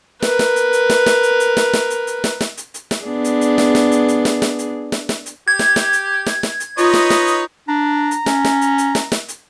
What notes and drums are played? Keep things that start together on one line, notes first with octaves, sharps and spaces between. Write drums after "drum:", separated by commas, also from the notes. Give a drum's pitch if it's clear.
A#4 B4, drum: snare
drum: snare
drum: hi-hat
drum: hi-hat
drum: snare
drum: snare
drum: hi-hat
drum: hi-hat
drum: snare
drum: snare
drum: hi-hat
drum: hi-hat
drum: snare
drum: snare
drum: hi-hat
drum: hi-hat
drum: snare
B3 D4 G#4
drum: hi-hat
drum: hi-hat
drum: snare
drum: snare
drum: hi-hat
drum: hi-hat
drum: snare
drum: snare
drum: hi-hat
drum: snare
drum: snare
drum: hi-hat
G4 G#6
drum: snare
drum: snare
drum: hi-hat
drum: snare
drum: snare
drum: hi-hat
D#4 F4 B4 C#5 D#5, drum: hi-hat
drum: snare
drum: snare
drum: hi-hat
D4 A#5
drum: hi-hat
C#4, drum: snare
drum: snare
drum: hi-hat
drum: hi-hat
drum: snare
drum: snare
drum: hi-hat